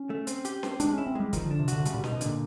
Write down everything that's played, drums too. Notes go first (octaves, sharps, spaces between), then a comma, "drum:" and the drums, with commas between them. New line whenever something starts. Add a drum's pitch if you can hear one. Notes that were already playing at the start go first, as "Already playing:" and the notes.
Already playing: C#4
A3
C4, drum: hi-hat
G4, drum: hi-hat
C4, drum: snare C#4
G#3 D4, drum: hi-hat
C#4 E4
C4
G3 G#3
D#3 F3, drum: kick, hi-hat
D3 D4
C3
D3 F#4, drum: hi-hat
C3
C#3 G3, drum: hi-hat
A#2
B2
D#4, drum: snare C#4
B2
A#2 D3, drum: hi-hat